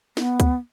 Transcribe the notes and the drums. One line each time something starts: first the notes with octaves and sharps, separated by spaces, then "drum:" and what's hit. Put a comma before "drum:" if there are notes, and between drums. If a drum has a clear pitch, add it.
B3, drum: snare
drum: kick C#2, hi-hat